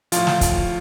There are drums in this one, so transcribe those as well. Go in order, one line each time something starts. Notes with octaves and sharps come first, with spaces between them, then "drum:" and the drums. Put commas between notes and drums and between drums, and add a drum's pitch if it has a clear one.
A2 F3 F4, drum: hi-hat
drum: snare
drum: kick, hi-hat